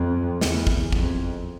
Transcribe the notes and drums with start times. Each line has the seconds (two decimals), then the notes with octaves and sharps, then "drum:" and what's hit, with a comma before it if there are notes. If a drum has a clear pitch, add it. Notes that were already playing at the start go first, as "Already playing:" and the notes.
Already playing: F2
0.41 E2, drum: snare
0.67 drum: kick
0.92 F2, drum: kick